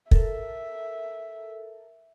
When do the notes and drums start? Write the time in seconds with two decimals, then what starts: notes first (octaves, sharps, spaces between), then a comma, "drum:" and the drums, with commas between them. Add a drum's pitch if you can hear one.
0.11 A4 A#4 E5, drum: kick